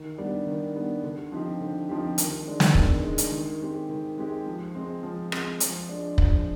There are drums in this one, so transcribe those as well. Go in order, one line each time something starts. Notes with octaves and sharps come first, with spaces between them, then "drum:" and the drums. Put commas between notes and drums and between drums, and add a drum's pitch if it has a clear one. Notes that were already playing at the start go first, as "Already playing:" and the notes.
Already playing: D#3
G3 B3 D4
D#3
G3 B3 D4
D3
F3 C4 D#4 G4
D3
F3 C4 D#4 G4
D#3, drum: hi-hat
G#3 D4
drum: snare
D#3, drum: kick
G#3 D4
drum: hi-hat
D#3
G#3 C4 G4
D#3
G#3 C4 G4
F3
G#3 C4
F3
G#3 C4, drum: rim click
F3, drum: hi-hat
G#3 D4
F3, drum: kick